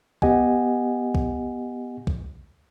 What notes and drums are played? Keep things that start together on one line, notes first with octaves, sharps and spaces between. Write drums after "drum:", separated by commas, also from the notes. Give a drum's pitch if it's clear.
B3 G4 D#5 F#5 G#5, drum: kick B1
drum: kick B1
drum: kick B1